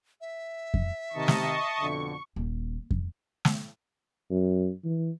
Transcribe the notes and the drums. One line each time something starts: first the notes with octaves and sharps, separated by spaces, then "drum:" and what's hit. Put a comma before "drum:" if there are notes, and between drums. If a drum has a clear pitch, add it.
E5
drum: kick F2
C3 D#3 D#5 A5 C#6
drum: snare
F2 B2 D3
D#1
drum: kick F2
drum: snare
F#2
E3